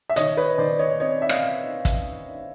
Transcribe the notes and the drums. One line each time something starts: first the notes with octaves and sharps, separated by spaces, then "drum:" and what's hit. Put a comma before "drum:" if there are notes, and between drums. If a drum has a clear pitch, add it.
E5
D#3 C#5 D#5, drum: hi-hat
B4 C#5
D#3 C5 D5
C#5 D#5
C4 C#5 D#5
E5
D#5 F5, drum: rim click
drum: kick, hi-hat